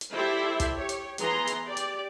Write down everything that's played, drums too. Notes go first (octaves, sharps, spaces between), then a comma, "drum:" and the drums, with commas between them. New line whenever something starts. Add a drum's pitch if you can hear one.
drum: hi-hat
E4 G4 A4 C5 D5 E5
drum: kick, hi-hat
G4 C#5
drum: hi-hat
E3 B3 G#4 A#5 C6, drum: hi-hat
drum: hi-hat
G4 D5
drum: hi-hat